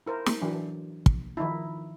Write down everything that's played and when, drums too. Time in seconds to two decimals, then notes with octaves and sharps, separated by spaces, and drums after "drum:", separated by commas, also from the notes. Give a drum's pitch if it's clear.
0.06 E4 A#4 C5
0.26 drum: snare
0.42 E3 F#3 D4
1.06 drum: kick
1.37 D#3 F3 D#4 E4